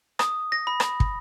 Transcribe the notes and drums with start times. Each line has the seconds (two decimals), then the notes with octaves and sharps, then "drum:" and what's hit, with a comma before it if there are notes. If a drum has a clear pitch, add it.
0.19 D#6, drum: rim click
0.52 A#6
0.67 B5
0.80 drum: rim click
1.00 drum: kick